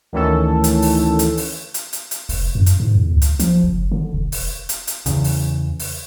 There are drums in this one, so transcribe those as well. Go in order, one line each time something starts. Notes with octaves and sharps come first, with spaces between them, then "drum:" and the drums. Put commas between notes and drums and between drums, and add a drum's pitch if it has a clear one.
D2 D#3 E3 C#4 A4
drum: hi-hat
drum: open hi-hat
drum: hi-hat
drum: open hi-hat
drum: hi-hat
drum: hi-hat
drum: hi-hat
F1, drum: open hi-hat
F#2
drum: hi-hat
G#2
E2
C#2
drum: hi-hat
F3, drum: hi-hat
F#1
D3
E1
drum: open hi-hat
drum: hi-hat
drum: hi-hat
E2 C#3, drum: hi-hat
drum: open hi-hat
drum: open hi-hat